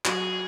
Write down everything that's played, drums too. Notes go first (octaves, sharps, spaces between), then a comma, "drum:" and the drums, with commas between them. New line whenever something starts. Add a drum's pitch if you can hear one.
F#3 G#4, drum: clap